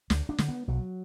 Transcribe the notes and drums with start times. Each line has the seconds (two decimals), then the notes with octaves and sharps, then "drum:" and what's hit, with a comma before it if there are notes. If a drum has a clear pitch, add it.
0.10 D2, drum: snare
0.29 D4
0.38 D3, drum: snare
0.49 B3
0.68 B1 F#3